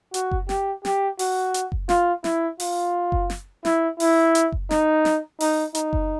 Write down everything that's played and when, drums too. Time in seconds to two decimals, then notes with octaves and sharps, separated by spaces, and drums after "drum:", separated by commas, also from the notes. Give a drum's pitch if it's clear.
0.14 F#4, drum: hi-hat
0.31 drum: kick F#1
0.49 G4, drum: snare
0.85 G4, drum: snare
1.19 F#4, drum: open hi-hat
1.54 drum: hi-hat
1.72 drum: kick F#1
1.89 F4, drum: snare
2.24 E4, drum: snare
2.60 F4, drum: open hi-hat
3.12 drum: kick F#1
3.30 drum: snare
3.65 E4, drum: snare
4.00 E4, drum: open hi-hat
4.35 drum: hi-hat
4.52 drum: kick F#1
4.71 D#4, drum: snare
5.05 drum: snare
5.40 D#4, drum: open hi-hat
5.75 D#4, drum: hi-hat
5.93 drum: kick F#1